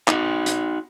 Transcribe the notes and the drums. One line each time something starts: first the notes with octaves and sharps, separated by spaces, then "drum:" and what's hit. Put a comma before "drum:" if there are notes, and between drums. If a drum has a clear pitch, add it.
D#4 F#4, drum: clap
drum: hi-hat